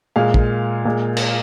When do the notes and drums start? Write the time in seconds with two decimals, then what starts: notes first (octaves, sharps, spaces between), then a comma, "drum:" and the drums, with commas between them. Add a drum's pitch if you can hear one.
0.16 A#2 G#3 F5
0.34 drum: kick
0.85 A#2 G#3
1.17 drum: cymbal